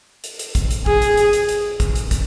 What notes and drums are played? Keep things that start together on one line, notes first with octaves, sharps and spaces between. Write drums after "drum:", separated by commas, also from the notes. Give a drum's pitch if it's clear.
drum: hi-hat
drum: hi-hat
drum: kick, hi-hat
drum: hi-hat
G#4, drum: kick
drum: hi-hat
drum: hi-hat
drum: hi-hat
drum: hi-hat
drum: kick, hi-hat
drum: hi-hat
drum: kick, hi-hat